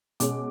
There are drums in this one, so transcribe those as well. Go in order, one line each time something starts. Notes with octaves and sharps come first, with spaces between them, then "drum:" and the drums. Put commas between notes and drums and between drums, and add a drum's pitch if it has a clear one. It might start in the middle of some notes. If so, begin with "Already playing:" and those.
B2 G#3 C#4 D6, drum: hi-hat